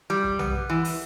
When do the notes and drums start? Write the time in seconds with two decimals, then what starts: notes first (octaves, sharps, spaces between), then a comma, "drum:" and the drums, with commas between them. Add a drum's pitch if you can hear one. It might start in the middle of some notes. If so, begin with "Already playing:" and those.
0.10 G3
0.23 drum: kick
0.39 B3, drum: tom B1
0.69 E3
0.85 drum: open hi-hat